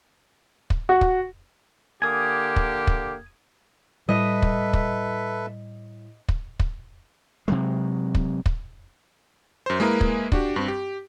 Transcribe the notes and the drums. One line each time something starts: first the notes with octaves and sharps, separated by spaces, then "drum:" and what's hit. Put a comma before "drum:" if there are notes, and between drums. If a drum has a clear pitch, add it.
drum: kick
F#4
drum: kick
D3 A#3 G4 G#5 D#6
drum: kick
drum: kick
A2 G3 A4 B4 D#5 E5
drum: kick
drum: kick
drum: kick
drum: kick
C3 F#3 G#3
drum: kick
drum: kick
F#2 C5
G#3 A#3 E4 G#4 A#4 B4
drum: kick
D4 F#4 G4, drum: kick
G2 C4
G4